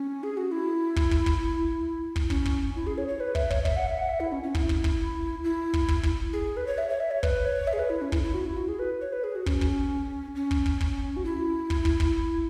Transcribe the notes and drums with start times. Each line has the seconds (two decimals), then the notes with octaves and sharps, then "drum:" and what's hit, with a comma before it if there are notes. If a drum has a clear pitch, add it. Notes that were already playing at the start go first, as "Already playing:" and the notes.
Already playing: C#4
0.23 G#4
0.37 F#4
0.52 E4
0.96 drum: kick
1.11 drum: kick
1.26 drum: kick
2.16 drum: kick
2.30 C#4, drum: kick
2.45 drum: kick
2.75 E4
2.87 G#4
2.98 C#5
3.08 C#5
3.20 B4
3.35 E5, drum: kick
3.50 C#5, drum: kick
3.65 E5, drum: kick
3.76 F#5
3.87 E5
3.98 F#5
4.09 E5
4.20 E4
4.32 C#4
4.43 C#4
4.55 E4, drum: kick
4.69 drum: kick
4.84 drum: kick
5.44 E4
5.74 drum: kick
5.88 drum: kick
6.03 drum: kick
6.33 G#4
6.57 B4
6.67 C#5
6.78 E5
6.89 C#5
7.00 E5
7.11 C#5
7.23 B4, drum: kick
7.45 C#5
7.67 E5
7.73 G#4
7.79 B4
7.90 E4
8.02 C#4
8.12 E4, drum: kick
8.23 E4
8.34 F#4
8.46 E4
8.57 F#4
8.69 G#4
8.79 B4
9.01 C#5
9.13 B4
9.24 G#4
9.36 F#4
9.46 C#4, drum: kick
9.61 drum: kick
10.36 C#4
10.51 drum: kick
10.66 drum: kick
10.81 drum: kick
11.17 F#4
11.25 E4
11.70 drum: kick
11.85 drum: kick
12.00 drum: kick